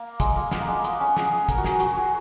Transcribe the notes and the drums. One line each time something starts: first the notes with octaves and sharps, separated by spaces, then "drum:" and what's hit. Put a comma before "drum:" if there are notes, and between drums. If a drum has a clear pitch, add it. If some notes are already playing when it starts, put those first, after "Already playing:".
Already playing: A#3
G#3, drum: kick, hi-hat
A#3
B3, drum: snare
A#3
G#3
A#3
B3, drum: hi-hat
C#4
G#4, drum: snare
A#4, drum: kick, hi-hat
F#4
G#4, drum: snare
F#4, drum: hi-hat
G#4